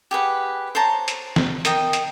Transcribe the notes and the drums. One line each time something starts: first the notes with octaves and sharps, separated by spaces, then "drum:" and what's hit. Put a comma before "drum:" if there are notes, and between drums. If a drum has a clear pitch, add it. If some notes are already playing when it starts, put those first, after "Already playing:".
G4 G#4 B4 F#5
C5 C#5 A5 A#5
drum: hi-hat
drum: snare
A#4 D#5 G5, drum: hi-hat
drum: hi-hat